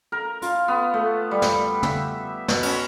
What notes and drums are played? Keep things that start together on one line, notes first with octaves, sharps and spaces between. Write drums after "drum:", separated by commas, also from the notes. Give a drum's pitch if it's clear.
A#4
F4, drum: hi-hat
B3
A3
G3
drum: snare
E5, drum: tom
B2, drum: snare
C#4, drum: cymbal